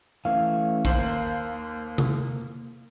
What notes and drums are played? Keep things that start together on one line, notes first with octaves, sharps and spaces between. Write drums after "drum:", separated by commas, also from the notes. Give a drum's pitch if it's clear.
E3 A3 C#4 F5
D#2 A#3 C5 F#7, drum: kick
drum: tom C3